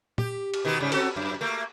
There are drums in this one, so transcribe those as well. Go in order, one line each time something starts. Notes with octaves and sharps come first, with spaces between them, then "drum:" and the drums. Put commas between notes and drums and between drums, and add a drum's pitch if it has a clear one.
G4, drum: tom
drum: cymbal
B2 D#3 G4
G#2 C#3 G3
C4 F#4 A4, drum: cymbal
F#2
A3 A#3